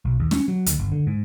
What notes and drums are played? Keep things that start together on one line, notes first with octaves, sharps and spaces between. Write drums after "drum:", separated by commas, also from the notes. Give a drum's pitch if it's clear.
B1
D#2
C#4, drum: snare
F#3
D2, drum: hi-hat
G1
D3
G#2